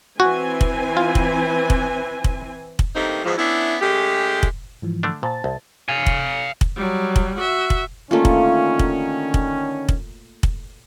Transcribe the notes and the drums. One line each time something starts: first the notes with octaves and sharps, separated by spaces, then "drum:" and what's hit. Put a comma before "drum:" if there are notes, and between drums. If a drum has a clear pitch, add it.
E3 C4 F#4 G#5
drum: kick
F4
drum: kick
drum: kick
drum: kick
drum: kick
G2 D#3 A3 A#3 C4 D#4
E2 G#2 F3
B3 C#4 D4 E4
C#3 G#3 A3 G4
drum: kick
G#2 E3 F3
D3 A3 D4
A#2 C5 A5 A6
C2
F5 G#5
drum: kick
drum: kick
F#3 G3
drum: kick
F#4 E5
drum: kick
D3 D#3 A3 A#3 C#4 F4
drum: kick
drum: kick
drum: kick
drum: kick
drum: kick